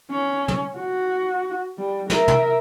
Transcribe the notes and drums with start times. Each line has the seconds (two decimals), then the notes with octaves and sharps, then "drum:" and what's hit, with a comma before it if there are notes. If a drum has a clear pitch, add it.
0.11 C#4
0.48 drum: tom
0.78 F#4
1.78 G3
2.10 A#4 E5, drum: snare
2.28 drum: tom